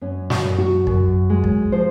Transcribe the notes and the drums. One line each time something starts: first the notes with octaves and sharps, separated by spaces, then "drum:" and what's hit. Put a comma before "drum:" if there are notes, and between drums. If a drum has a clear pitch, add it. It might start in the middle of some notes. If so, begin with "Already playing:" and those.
F#2 C#4
F#4, drum: snare
F#2
F#4
F#2, drum: kick
G#3
drum: kick
F3 C5